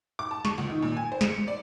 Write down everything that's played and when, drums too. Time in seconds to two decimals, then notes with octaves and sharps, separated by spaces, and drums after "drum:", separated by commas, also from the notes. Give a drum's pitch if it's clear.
0.19 D6
0.31 A5
0.45 C#6, drum: snare
0.58 C#2
0.70 D#3
0.82 A#2
0.97 G#5
1.12 C5
1.21 drum: snare
1.30 C#7
1.48 D5